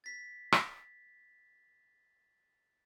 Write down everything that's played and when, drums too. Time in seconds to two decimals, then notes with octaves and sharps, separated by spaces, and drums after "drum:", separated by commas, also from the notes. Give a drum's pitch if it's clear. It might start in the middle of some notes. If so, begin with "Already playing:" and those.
0.04 A6 B6
0.52 drum: rim click